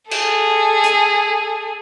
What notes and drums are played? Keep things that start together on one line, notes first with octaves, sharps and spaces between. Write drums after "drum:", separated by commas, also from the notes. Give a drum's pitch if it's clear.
G#4 A4, drum: cymbal
drum: hi-hat